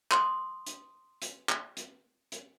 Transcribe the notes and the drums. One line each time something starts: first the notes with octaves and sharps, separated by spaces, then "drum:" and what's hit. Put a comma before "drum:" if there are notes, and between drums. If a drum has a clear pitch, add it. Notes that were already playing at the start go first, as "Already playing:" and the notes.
C6 D#6, drum: clap
drum: hi-hat
drum: hi-hat
drum: clap
drum: hi-hat
drum: hi-hat